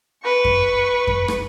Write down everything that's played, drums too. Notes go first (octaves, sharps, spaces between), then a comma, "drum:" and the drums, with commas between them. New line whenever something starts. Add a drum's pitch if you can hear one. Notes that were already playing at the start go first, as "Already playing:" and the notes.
B4 C#6
drum: kick F2
drum: kick F2
drum: rim click